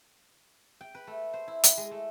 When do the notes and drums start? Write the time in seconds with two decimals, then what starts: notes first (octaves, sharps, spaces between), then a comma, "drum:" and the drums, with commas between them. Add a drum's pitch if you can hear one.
0.81 G5
0.95 B4
1.07 A3
1.33 C5
1.48 E4
1.64 drum: hi-hat
1.77 G#3
1.91 A3